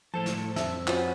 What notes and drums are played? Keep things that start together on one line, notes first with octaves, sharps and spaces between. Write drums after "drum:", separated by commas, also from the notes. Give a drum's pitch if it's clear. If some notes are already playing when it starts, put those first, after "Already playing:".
A2 F3 A4 C5 A5
drum: snare
F2 E5 A5 E6, drum: snare
C#4 F4 F#4 B4 C5, drum: clap